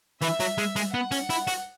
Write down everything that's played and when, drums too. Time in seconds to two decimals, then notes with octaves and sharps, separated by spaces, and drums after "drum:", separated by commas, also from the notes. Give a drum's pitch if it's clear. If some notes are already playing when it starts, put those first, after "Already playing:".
0.21 E3 E5, drum: hi-hat
0.40 F#3, drum: hi-hat
0.58 G#3, drum: hi-hat
0.76 G#3, drum: hi-hat
0.94 B3 F#5
1.11 C#4, drum: hi-hat
1.30 E4, drum: hi-hat
1.47 F#4, drum: hi-hat